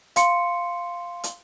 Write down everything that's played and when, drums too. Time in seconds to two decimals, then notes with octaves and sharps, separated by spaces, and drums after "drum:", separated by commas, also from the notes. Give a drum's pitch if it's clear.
0.16 F5 C6 C#7, drum: hi-hat
1.24 drum: hi-hat